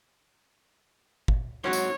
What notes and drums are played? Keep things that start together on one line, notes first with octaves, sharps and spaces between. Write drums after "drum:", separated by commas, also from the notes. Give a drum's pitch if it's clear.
drum: kick
G#2 F#3 C4 C#5
drum: tambourine